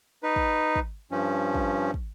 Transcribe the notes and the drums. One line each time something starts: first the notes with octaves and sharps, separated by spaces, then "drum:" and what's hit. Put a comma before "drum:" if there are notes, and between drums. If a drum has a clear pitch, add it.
D#4 B4
drum: kick
drum: kick
G2 F3 C#4
drum: kick
drum: kick